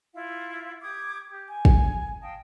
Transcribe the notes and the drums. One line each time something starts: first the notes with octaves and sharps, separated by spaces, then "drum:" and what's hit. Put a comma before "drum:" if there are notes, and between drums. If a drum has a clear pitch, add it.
E4 F4 F5
G4 D6 D#6 G#6
G4
G#5
drum: kick
D#5 F5 G5 A5